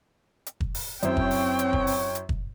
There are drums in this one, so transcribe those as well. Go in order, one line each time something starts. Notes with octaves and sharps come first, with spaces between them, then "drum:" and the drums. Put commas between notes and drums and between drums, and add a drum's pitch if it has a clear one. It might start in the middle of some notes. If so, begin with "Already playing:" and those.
drum: hi-hat
drum: kick
drum: open hi-hat
F#2 C4 E4 C5 C#5 G5, drum: hi-hat
drum: kick
drum: open hi-hat
drum: hi-hat
drum: kick
drum: open hi-hat
drum: hi-hat
drum: kick